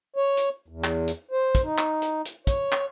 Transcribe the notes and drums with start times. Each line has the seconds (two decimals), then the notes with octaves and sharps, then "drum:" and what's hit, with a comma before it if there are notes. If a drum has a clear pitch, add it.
0.16 C#5
0.37 drum: hi-hat
0.68 E2
0.84 drum: clap
1.08 drum: hi-hat
1.31 C5
1.55 drum: kick, hi-hat
1.64 D#4
1.78 drum: clap
2.02 drum: hi-hat
2.25 drum: hi-hat
2.47 C#5, drum: kick, hi-hat
2.72 drum: clap